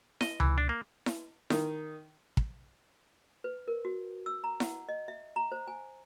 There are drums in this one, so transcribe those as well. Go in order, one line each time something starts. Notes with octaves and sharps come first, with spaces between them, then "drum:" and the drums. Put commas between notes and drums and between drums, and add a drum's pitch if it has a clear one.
D#5, drum: snare E4
E3, drum: tom C#2
D4
A#3
drum: snare E4
D#3, drum: snare E4
drum: kick
B4
A#4
F#4
E6
A#5
F#5, drum: snare E4
D#5
E5
A#5
C5
G#5